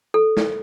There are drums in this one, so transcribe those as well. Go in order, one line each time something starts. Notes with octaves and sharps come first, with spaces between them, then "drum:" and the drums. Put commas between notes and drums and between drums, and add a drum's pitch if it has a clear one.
A4
drum: snare